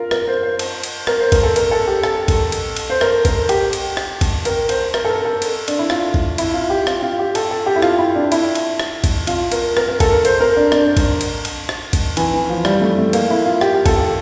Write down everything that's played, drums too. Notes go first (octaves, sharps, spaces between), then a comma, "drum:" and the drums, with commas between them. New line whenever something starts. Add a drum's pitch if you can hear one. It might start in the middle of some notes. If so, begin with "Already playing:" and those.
Already playing: F4 A#4
A#4, drum: rim click
C5
C5
drum: cymbal
drum: cymbal
A#4, drum: rim click
C5
A#4, drum: kick, cymbal
A4
A#4, drum: cymbal
A4
G4
A4, drum: rim click
drum: kick, cymbal
drum: cymbal
drum: cymbal
C5
A#4, drum: rim click
A#4, drum: kick, cymbal
G4, drum: cymbal
drum: cymbal
drum: rim click
drum: kick, cymbal
A#4, drum: cymbal
C5, drum: cymbal
A#4, drum: rim click
A4
A#4
A4
drum: cymbal
D4, drum: cymbal
E4
F4, drum: rim click
drum: kick
E4, drum: cymbal
F4
G4
F4, drum: rim click
F4
G4
A4, drum: cymbal
A4
G4
E4
F4, drum: rim click
E4
D4
E4, drum: cymbal
drum: cymbal
drum: rim click
drum: kick, cymbal
F4, drum: cymbal
A#4, drum: cymbal
A#4, drum: rim click
A#4
A4, drum: kick, cymbal
A#4
C5, drum: cymbal
A#4
D4
D4, drum: rim click
drum: kick, cymbal
drum: cymbal
drum: cymbal
drum: rim click
drum: kick, cymbal
E3, drum: cymbal
E3
F3
G3, drum: rim click
A3
A3
A#3, drum: cymbal
E4
F4
G4, drum: rim click
G4
A4, drum: kick, cymbal
A4